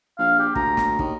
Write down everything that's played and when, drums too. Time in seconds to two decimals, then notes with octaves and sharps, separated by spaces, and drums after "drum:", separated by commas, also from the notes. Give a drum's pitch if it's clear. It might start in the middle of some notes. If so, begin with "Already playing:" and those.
0.19 A#1 F5
0.39 G4
0.55 D2 A#5, drum: kick
0.77 drum: snare
0.99 D#2, drum: kick